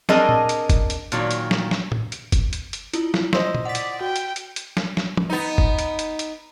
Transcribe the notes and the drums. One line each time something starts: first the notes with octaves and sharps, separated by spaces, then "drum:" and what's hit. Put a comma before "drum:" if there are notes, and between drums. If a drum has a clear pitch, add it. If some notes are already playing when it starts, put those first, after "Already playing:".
C4 D4 G#4 A#4 D#5 A5, drum: snare
drum: tom A#2
drum: hi-hat
drum: kick F#1, hi-hat
drum: hi-hat
A#2 D#3 F#3, drum: hi-hat
drum: hi-hat
drum: snare
drum: snare
drum: tom
drum: hi-hat
drum: kick F#1, hi-hat
drum: hi-hat
drum: hi-hat
E4 F4, drum: hi-hat
drum: snare
C5 D#5 E6, drum: snare
drum: tom A#2
D5 F#5 B6
drum: hi-hat
F#4 G5
drum: hi-hat
drum: hi-hat
drum: hi-hat
drum: snare
drum: snare
drum: tom
B3 D#4
drum: kick F#1
drum: hi-hat
drum: hi-hat
drum: hi-hat